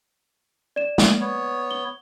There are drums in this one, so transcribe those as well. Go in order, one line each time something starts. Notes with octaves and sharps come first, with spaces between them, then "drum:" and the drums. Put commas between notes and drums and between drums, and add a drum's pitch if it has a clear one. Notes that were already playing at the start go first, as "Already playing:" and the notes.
D5 E7
drum: snare
B3 C#5
G7